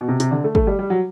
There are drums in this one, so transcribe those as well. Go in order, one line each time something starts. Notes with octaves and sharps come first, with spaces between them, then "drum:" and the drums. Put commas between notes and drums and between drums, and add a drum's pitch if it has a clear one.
B2
C3
C3, drum: hi-hat
D3
A3
A3, drum: kick
G3
G3
F#3